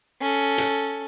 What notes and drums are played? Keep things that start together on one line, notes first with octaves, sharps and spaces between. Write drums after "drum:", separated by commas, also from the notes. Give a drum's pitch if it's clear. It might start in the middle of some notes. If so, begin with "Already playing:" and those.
C#4 A4
drum: hi-hat